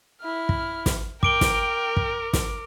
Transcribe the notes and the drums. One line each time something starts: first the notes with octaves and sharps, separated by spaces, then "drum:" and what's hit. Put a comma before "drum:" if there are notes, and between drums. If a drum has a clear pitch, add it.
E4 F6
drum: kick
drum: snare
A#4 G5 D6 D7 G7, drum: kick
drum: snare
drum: kick
drum: snare